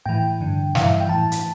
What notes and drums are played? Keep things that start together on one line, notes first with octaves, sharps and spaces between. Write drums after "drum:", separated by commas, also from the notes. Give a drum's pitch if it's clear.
A2 E3 G5
G2 D3
G2 E3 F5, drum: snare
E5
F5
G5
A2 E3 A5
drum: hi-hat